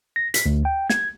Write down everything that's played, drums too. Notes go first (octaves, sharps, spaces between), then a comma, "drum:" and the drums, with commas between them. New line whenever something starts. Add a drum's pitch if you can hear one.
A#6
B6, drum: hi-hat
D2
G5
G#6, drum: snare